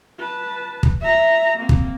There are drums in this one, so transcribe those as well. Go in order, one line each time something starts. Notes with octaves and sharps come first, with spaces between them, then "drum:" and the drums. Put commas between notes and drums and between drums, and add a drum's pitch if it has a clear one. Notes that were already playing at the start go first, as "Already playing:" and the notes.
B4 A5
drum: kick
E5 A#5
A#3 C4
drum: kick